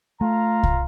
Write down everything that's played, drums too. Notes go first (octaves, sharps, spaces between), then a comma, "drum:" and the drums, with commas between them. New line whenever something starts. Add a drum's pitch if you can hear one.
A3 F4 A#5
drum: kick C2